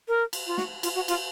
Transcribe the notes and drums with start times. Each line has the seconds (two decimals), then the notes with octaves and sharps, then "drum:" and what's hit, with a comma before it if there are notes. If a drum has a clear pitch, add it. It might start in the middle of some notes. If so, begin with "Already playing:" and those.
0.08 A#4
0.33 drum: cymbal
0.47 F4
0.58 F#4, drum: snare
0.83 F4, drum: cymbal
0.95 F#4
1.08 F4, drum: cymbal